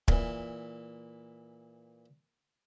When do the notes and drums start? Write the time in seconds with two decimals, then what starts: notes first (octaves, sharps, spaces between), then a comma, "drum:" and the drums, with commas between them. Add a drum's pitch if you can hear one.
0.08 A#2 E3, drum: kick